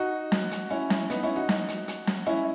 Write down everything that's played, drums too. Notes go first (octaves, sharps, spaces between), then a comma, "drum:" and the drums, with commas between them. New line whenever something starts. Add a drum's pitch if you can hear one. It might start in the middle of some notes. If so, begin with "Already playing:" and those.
Already playing: D#4 F#4
drum: snare
drum: hi-hat
C#4 E4
drum: snare
B3 D#4, drum: hi-hat
C#4 E4
D#4 F#4
drum: snare
drum: hi-hat
drum: hi-hat
drum: snare
C#4 E4